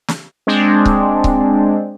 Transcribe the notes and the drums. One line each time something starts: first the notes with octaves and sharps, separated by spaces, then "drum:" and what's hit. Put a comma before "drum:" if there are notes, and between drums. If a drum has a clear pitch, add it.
drum: snare
G#3 C4 D4
drum: kick C#1
drum: kick C#1